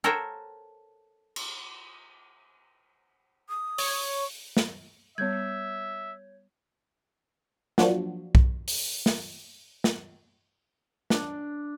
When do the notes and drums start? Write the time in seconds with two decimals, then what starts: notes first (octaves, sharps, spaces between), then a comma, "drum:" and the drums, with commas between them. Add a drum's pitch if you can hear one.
0.04 A4 A#4 C5 C#5 F#5 G5
1.36 drum: cymbal
3.49 D#6
3.78 C#5, drum: open hi-hat
4.57 drum: snare
5.18 G3 B3 C#5 E5 G6 G#6
7.78 F3 F#3 A#3 D4 F4 F#4, drum: snare
8.35 drum: kick
8.68 drum: open hi-hat
9.06 drum: snare
9.84 drum: snare
11.10 D4, drum: snare